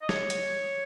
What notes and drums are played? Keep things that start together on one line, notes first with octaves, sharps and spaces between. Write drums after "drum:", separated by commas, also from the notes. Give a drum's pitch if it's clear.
D#5
C#5, drum: snare
drum: hi-hat